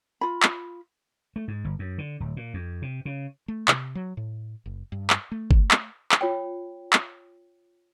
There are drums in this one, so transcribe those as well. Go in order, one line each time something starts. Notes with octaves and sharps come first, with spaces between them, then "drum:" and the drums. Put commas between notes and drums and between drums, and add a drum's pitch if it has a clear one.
F4 B5
drum: clap
A3
G#2
G1
F#2
D3
D1
A#2
F2
C3
C#3
A3
C3, drum: clap
F#3
A2
F#1
G2
drum: clap
A3
drum: kick G1
drum: clap
drum: clap
F4 C#5 G5
drum: clap